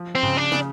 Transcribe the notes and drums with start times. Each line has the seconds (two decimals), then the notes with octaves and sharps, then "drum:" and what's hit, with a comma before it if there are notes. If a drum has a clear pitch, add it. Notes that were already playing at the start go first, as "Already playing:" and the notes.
Already playing: F3
0.15 C4
0.23 C#3, drum: tom G2
0.37 D4
0.52 C#3, drum: snare